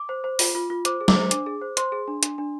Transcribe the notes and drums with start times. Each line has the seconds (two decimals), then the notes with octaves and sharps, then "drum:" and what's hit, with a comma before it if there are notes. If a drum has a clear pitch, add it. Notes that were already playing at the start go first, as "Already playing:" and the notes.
Already playing: D6
0.09 C5
0.24 C5
0.39 F4, drum: open hi-hat
0.55 F4
0.70 F4
0.85 C5 D6, drum: hi-hat
1.01 G#4
1.08 D6, drum: snare
1.16 C5
1.31 D4 D6, drum: hi-hat
1.46 G#4
1.61 C5
1.77 C5 C6, drum: hi-hat
1.92 G#4
2.08 D4
2.23 D4, drum: hi-hat
2.38 D4